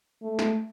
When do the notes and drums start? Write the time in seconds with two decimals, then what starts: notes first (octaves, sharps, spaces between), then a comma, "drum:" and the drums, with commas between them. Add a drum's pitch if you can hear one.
0.23 A3
0.39 drum: snare